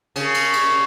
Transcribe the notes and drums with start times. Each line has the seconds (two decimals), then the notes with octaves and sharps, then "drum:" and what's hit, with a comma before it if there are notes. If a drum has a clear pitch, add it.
0.16 C#3, drum: cymbal
0.34 drum: cymbal
0.53 drum: cymbal